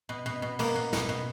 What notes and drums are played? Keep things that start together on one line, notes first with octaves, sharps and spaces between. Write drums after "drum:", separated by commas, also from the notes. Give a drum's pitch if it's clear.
B2
B2
B2
B2 A#3, drum: cymbal
B2
B2, drum: snare
B2